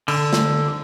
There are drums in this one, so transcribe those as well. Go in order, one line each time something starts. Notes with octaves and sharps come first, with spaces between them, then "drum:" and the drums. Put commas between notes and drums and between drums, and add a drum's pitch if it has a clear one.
D3, drum: cymbal
drum: snare